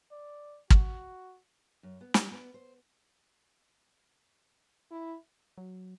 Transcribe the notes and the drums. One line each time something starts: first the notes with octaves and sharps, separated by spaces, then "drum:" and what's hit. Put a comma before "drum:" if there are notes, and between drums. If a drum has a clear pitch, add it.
D5
F#4, drum: kick
F#2
B3
G3, drum: snare
B3
C5
E4
F#3